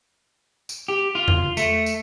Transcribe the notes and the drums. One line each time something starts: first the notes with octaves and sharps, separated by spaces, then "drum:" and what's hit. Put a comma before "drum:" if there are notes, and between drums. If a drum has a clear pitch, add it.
drum: tambourine
G4
F4
drum: tom E2
A3, drum: tambourine
drum: tambourine